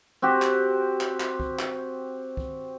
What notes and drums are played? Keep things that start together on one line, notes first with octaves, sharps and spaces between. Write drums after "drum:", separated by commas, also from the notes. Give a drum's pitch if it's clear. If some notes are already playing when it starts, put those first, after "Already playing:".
C4 F#4 G4
drum: clap
drum: clap
drum: clap
drum: kick
drum: clap
drum: kick